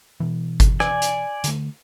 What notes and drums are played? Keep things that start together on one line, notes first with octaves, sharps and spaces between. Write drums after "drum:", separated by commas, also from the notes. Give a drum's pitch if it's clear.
B2 E3
drum: kick G1, hi-hat
D5 G#5, drum: rim click
drum: hi-hat
D3 A3, drum: hi-hat